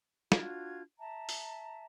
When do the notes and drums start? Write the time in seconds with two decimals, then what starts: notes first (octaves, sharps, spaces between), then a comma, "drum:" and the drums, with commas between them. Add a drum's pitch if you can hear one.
0.32 D4 F4 F#4 G#6, drum: snare
0.99 E5 A5 A#5
1.29 drum: open hi-hat